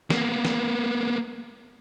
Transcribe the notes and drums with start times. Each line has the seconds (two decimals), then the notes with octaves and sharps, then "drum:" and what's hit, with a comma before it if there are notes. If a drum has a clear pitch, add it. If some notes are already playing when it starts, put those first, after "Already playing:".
0.10 A#3 B3, drum: snare
0.45 drum: snare